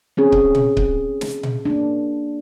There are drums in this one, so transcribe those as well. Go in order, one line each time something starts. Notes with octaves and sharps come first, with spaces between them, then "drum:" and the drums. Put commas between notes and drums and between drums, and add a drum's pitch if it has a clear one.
C4 C#4 G#4
drum: kick C#1
drum: tom A#2
drum: kick C#1
drum: snare
drum: tom A#2
A#3 D4